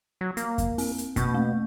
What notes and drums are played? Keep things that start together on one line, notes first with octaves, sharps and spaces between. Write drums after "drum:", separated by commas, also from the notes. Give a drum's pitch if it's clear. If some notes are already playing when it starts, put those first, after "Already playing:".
F#3
A#3, drum: hi-hat
drum: kick F2, hi-hat
C4, drum: open hi-hat
drum: hi-hat
B2 A#3 C#6 G6, drum: kick F2, hi-hat
A3